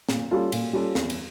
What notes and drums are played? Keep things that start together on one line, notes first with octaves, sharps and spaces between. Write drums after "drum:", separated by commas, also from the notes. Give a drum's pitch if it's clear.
A#2, drum: snare
G3 C#4 F4 A4
A#2, drum: cymbal
G3 C#4 F4 A4
E2, drum: snare
drum: cymbal